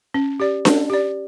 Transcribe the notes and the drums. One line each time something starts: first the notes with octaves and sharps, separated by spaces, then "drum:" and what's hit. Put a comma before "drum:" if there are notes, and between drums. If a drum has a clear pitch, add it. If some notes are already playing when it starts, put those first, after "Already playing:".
C#4
G4 D5
C#4, drum: snare D4
G4 D5